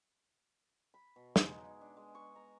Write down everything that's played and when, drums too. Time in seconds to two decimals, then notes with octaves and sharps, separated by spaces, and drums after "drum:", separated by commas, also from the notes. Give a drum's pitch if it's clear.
0.94 B5
1.16 B2
1.36 G#3, drum: snare
1.49 D#4
1.81 D4
1.97 G#3
2.15 C#6
2.36 A#5